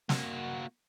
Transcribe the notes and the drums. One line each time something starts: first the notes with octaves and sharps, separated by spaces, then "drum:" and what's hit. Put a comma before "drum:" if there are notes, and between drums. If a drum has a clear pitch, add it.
A#3 F#4, drum: snare